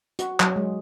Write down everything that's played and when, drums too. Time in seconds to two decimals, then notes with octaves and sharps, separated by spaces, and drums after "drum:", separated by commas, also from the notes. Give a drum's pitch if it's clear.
0.19 F#4, drum: hi-hat
0.40 F#3, drum: clap
0.56 G#3